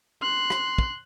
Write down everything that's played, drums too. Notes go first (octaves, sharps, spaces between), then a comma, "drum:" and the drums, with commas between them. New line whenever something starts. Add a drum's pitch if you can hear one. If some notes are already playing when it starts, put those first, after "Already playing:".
C6 F#6
drum: rim click
drum: kick